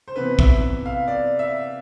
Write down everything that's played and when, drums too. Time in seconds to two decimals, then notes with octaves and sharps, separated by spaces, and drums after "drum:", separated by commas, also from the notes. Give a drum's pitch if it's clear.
0.08 C5
0.16 C3 E3 B3 B4
0.39 E5, drum: kick
0.86 F5
1.08 D5
1.39 E5